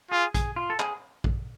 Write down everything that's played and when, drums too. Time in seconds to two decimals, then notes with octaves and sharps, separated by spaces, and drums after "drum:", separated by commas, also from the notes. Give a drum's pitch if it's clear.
0.11 F4 G#4
0.34 G#4, drum: kick A#1, hi-hat
0.56 F4
0.70 A4
0.80 G#4, drum: clap
1.24 drum: kick A#1